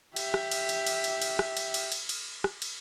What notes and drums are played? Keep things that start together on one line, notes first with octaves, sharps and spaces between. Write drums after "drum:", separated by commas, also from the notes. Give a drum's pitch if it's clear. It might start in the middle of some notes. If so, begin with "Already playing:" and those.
G4 E5, drum: cymbal
drum: rim click
drum: cymbal
drum: cymbal
drum: cymbal
drum: cymbal
drum: cymbal
drum: rim click
drum: cymbal
drum: cymbal
drum: cymbal
drum: cymbal
drum: rim click
drum: cymbal